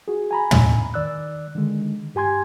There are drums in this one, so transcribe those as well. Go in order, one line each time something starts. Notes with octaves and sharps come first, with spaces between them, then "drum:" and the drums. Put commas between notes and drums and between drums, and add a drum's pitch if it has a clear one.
F#4 G#4
G#5 A#5 B5
drum: tom
D#3 D5 E6 F#6
D3 D#3 G#3
G2 G4 G#5 C6 G#6